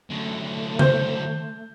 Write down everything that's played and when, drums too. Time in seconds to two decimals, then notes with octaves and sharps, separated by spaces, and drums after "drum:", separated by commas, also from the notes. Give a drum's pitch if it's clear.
0.10 F#2 D3 A3
0.79 C5 G6, drum: tom C#3